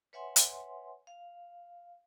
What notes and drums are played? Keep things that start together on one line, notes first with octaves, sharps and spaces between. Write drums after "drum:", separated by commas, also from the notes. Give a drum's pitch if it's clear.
B4 C#5 E5 F#5 G#5 C6
drum: hi-hat
F5